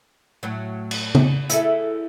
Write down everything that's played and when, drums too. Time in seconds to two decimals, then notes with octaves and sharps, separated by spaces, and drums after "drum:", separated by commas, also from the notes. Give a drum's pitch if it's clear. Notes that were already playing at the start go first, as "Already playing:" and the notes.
0.43 A2 F#3
0.91 drum: cymbal
1.15 drum: tom C#3
1.49 E4 G#4 A4, drum: hi-hat